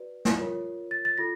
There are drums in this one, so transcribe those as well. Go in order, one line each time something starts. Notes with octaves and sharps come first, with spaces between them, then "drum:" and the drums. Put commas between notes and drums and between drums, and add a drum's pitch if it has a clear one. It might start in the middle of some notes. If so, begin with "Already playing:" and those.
Already playing: F#4 B4 D5
drum: snare
F4 A#4 C#5
A6
A6
F4 A4 A#6